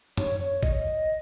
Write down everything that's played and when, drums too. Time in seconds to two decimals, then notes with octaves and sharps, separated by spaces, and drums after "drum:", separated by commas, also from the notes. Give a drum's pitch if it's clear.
0.17 C#5, drum: tom F#2
0.39 C#5
0.63 D#5, drum: kick